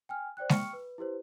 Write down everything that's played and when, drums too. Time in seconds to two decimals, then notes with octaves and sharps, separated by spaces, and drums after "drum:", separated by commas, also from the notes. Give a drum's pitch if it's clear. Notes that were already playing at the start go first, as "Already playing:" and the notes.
0.09 G5 G#5 F6
0.37 C5 D5 G5 F#6
0.49 G5 C#6 F6 C#7, drum: snare
0.73 B4
0.98 E4 G4 B4 C5